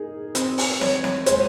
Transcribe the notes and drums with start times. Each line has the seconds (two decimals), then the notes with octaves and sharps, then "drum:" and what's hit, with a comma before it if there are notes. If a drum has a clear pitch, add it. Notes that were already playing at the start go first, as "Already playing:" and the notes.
Already playing: D#4 G#4 A#4
0.35 C4, drum: hi-hat
0.58 drum: open hi-hat
0.81 C#5, drum: snare
1.04 drum: snare
1.26 G#3 C5, drum: hi-hat